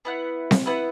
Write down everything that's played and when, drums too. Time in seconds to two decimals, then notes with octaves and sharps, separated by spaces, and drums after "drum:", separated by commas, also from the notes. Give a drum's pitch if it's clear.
0.05 B3 E4 B4 F#5
0.51 drum: snare C4
0.66 B3 E4 B4 F#5